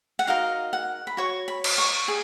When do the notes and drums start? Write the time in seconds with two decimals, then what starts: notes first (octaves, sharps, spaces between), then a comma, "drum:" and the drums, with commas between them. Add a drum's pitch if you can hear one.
0.19 F#5
0.27 D#4 F#4 A#4 D#5 F5
0.73 F#5
1.07 B5
1.17 F#4 C#5 C#6
1.48 B5
1.64 drum: cymbal
1.78 C#6
2.08 G#4 D#6